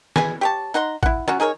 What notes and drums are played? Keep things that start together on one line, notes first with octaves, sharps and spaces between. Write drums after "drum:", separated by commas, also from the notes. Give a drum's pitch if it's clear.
G#4 B4 G#5, drum: snare
G4 C#5 A5
D#4 F#5 A#5 C6
E4 F#5, drum: kick A1
F#3 C#4 F#4, drum: rim click
D#4 G#4 A#4 C#5